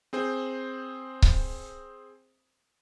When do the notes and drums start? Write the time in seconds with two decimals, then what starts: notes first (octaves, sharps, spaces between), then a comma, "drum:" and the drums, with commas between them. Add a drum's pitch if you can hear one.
0.13 C4 G#4 C5
1.22 drum: kick C#1